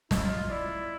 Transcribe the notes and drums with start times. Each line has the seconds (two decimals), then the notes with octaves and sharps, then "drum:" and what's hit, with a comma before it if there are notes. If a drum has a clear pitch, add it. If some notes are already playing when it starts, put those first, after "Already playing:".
0.11 E4 D#5, drum: snare
0.23 F4
0.37 F4
0.50 E4 D5